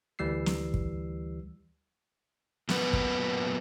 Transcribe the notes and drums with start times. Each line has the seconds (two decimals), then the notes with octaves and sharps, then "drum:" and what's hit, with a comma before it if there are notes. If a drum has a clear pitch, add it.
0.19 D2 E3 G3 E6 C7
0.46 drum: snare
0.74 drum: kick
2.69 F#2 A#2 B3 B4, drum: snare
2.93 drum: kick